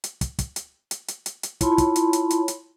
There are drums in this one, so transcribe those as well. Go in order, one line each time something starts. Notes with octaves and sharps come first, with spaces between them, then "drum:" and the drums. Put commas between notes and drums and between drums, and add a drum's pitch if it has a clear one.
drum: hi-hat
drum: kick, hi-hat
drum: kick, hi-hat
drum: hi-hat
drum: hi-hat
drum: hi-hat
drum: hi-hat
drum: hi-hat
E4 F4 C#5 A5 B5 C6, drum: kick, hi-hat
drum: kick, hi-hat
drum: hi-hat
drum: hi-hat
drum: hi-hat
drum: hi-hat